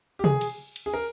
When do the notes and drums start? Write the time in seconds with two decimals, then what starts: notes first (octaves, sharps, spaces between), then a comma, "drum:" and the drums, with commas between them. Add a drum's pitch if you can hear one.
0.19 G4
0.24 G#4, drum: tom
0.41 drum: cymbal
0.76 drum: cymbal
0.86 G#4
0.94 A#4